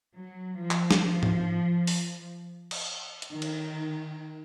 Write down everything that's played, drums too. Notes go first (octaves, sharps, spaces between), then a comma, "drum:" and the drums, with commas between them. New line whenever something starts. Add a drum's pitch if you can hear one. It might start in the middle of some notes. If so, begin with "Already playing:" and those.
F#3
F3
drum: clap
drum: snare
drum: tom G#2
drum: open hi-hat
drum: cymbal
drum: hi-hat
D#3
drum: cymbal